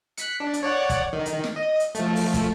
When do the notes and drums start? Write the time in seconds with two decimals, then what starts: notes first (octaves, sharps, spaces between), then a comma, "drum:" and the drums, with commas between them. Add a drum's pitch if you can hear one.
0.17 F#6 B6 C#7, drum: hi-hat
0.40 D4
0.54 drum: hi-hat
0.63 C#5 D5 F#5
0.90 drum: kick, hi-hat
1.13 D#3
1.26 drum: hi-hat
1.44 drum: snare
1.56 D#5
1.80 drum: hi-hat
1.95 F3 A3, drum: hi-hat
2.16 drum: open hi-hat
2.34 drum: kick, hi-hat